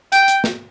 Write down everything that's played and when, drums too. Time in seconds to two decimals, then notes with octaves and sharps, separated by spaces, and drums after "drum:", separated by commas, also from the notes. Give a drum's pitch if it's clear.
0.12 G5, drum: hi-hat
0.28 drum: hi-hat
0.44 drum: snare